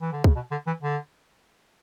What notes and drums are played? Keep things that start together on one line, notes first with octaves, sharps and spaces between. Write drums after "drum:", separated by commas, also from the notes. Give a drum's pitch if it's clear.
E3
D3
C#3, drum: kick
B2
D3
E3
D3